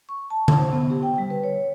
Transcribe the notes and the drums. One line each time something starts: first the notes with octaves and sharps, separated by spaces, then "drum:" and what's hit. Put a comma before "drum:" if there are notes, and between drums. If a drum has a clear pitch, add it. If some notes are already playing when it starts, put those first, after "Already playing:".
C#6
A5
drum: tom D3
C5
B3
G4
G5
G3
B4
C#5